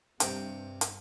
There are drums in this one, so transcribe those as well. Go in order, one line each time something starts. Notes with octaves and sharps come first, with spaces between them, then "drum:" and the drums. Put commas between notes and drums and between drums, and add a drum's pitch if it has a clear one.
G2 C3 G5, drum: hi-hat
drum: hi-hat